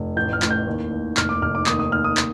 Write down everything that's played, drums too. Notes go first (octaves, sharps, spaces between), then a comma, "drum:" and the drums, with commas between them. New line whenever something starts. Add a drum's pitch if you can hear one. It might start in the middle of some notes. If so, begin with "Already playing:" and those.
Already playing: F1
A1 G6
F6
A1, drum: clap
G6
D#2
D#2
F1 F6, drum: clap
D6
F1 F6
D6
D#2 D#6, drum: clap
D#6
D#2 F6
D#6
drum: clap